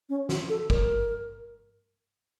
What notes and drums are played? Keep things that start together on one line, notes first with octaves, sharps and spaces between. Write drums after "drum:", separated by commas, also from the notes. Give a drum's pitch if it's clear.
C#4
F#4, drum: snare
A4
A#4, drum: kick